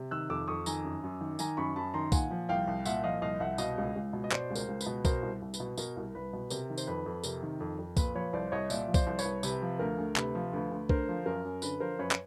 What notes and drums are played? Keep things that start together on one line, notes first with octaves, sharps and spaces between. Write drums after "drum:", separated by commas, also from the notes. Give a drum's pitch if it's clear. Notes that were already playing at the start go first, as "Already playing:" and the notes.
Already playing: C3
D#3 E6 F#6
F2 D6 E6
F2 C#6 D#6
D#3 G#5 A#5, drum: tambourine
F#2
F#2
D#3
D#3 G#5 A#5, drum: tambourine
F#2 B5 C#6
F#2 A5 B5
D#3 A#5 C6
A#2 F#5 G#5, drum: kick B1, tambourine
F3
C2 F5 G5
C2
A#2 E5 F#5, drum: tambourine
F3 D#5 F5
C2 D#5 F5
C2 E5 F#5
B2 D#5 F5, drum: tambourine
C#2
C#2
B2
D#5
B2 C5 D5, drum: clap
C#2
A#4 C5, drum: tambourine
C#2
B4, drum: tambourine
B2
B2 A#4 C5, drum: kick B1, tambourine
C2
C2
B4, drum: tambourine
B2
B2 A#4, drum: tambourine
C2
C2 B4
B2
C3 A#4, drum: tambourine
D#3
C5, drum: tambourine
F2 B4
F2
C3 A#4, drum: tambourine
D#3
F2
F2
A#2 B4, drum: kick B1, tambourine
F3 B4 C#5
C2 C5 D5
C2 C#5 D#5
A#2 D5 E5, drum: tambourine
F3
C5 D5, drum: kick B1, tambourine
C2
B4 C#5, drum: tambourine
C2
C3 B4, drum: tambourine
F3
D2 A#4
D2
C3 B4, drum: clap
F3
D2 B4
D2
D3 A#4 C5, drum: kick B1
F3
F#2 A#4
F#2
D3 B4, drum: tambourine
F3 A#4 C5
F#2 B4 C#5
drum: clap